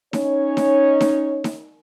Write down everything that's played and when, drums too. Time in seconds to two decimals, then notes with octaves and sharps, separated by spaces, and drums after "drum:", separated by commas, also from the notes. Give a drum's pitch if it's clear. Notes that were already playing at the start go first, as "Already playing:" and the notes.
0.13 C#4 D#4 C#5, drum: snare D#4
0.57 drum: snare D#4
1.01 drum: snare D#4
1.44 drum: snare D#4